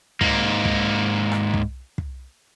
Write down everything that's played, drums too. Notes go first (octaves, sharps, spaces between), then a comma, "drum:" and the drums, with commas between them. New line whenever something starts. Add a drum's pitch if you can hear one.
G#2 A#3, drum: kick
drum: kick
drum: rim click
drum: kick
drum: kick